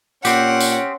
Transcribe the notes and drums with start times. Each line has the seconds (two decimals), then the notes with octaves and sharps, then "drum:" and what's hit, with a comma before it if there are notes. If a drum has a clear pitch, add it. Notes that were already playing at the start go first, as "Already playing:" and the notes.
0.25 A#2 C4 C#4 G4 F#5, drum: tambourine
0.60 drum: tambourine